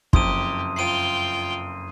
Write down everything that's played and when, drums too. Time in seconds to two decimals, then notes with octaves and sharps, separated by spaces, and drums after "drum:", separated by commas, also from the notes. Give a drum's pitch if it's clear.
0.13 F#1 F2 G4 C6 D#6 D#7, drum: kick
0.76 F4 G5 C7 D#7